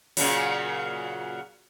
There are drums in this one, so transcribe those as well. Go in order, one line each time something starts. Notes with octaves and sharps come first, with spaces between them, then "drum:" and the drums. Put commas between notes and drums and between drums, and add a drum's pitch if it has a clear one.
A#2 C#3 F#3, drum: open hi-hat